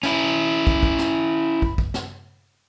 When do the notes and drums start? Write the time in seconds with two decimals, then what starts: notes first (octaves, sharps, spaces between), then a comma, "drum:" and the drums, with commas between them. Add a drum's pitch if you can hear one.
0.03 C#4 E4, drum: snare
0.67 drum: kick
0.83 drum: kick
0.99 drum: snare
1.62 drum: kick
1.78 drum: kick
1.94 drum: snare